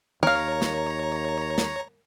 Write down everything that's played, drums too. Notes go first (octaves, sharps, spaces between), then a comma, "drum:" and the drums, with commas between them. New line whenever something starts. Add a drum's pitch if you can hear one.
D#2 A#4 C#5 F5 A#5, drum: tom D#3
drum: snare
drum: snare